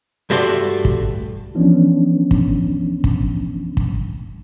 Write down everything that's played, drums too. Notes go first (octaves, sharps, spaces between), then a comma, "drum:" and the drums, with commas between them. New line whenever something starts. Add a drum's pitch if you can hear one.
G2 A3 F#4 D5 C6
drum: kick
E3 F3 B3 C#4 D4
drum: kick
drum: kick
drum: kick